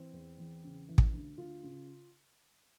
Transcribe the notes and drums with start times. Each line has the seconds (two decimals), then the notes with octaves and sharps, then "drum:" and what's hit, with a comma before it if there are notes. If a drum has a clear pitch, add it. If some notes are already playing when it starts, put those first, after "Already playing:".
Already playing: E3 C4
0.13 E2
0.38 E2
0.63 C#3
0.89 E3
0.98 drum: kick
1.13 D2
1.38 D2 F4
1.63 C#3